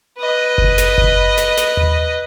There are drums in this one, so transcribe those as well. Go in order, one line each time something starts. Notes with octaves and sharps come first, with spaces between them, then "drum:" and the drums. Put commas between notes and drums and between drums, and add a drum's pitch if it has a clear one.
B4 D#5
drum: kick F#1
drum: snare
drum: kick F#1
drum: snare
drum: snare
drum: tom D#2